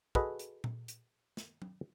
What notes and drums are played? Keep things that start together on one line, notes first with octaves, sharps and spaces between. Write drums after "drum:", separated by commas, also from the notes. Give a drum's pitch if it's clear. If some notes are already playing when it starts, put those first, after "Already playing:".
F#4 G#4 A4 B4 D#5, drum: kick
drum: hi-hat
drum: tom A#2
drum: hi-hat
drum: snare
drum: tom F#3